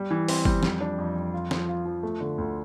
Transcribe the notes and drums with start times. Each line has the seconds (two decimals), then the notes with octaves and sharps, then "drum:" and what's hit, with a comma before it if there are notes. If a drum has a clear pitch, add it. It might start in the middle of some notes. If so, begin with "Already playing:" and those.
Already playing: G3
0.11 E3
0.28 C4, drum: open hi-hat
0.45 G3, drum: kick G1
0.63 F2, drum: snare
0.81 D4
0.98 F2
1.16 F2
1.33 F4
1.51 F3, drum: snare
1.68 F4
1.85 F3
2.03 A3
2.20 D3
2.38 D2